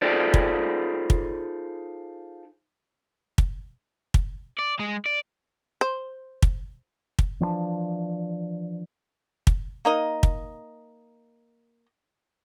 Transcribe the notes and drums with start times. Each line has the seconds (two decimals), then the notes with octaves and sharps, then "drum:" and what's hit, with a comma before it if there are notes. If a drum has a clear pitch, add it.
0.02 D#4 F4 G#4 A4 C5 D5
0.34 drum: kick
1.10 drum: kick
3.38 drum: kick
4.14 drum: kick
4.59 D5
4.79 G#3
5.06 D5
5.81 C5
6.42 drum: kick
7.19 drum: kick
7.40 E3 F3 G#3 D4
9.47 drum: kick
9.85 A#3 D#4 D#5
10.23 drum: kick